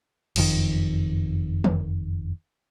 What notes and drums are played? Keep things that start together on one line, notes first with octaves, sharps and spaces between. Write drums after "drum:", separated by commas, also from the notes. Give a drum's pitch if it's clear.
F#1 F2 D#3, drum: cymbal
drum: tom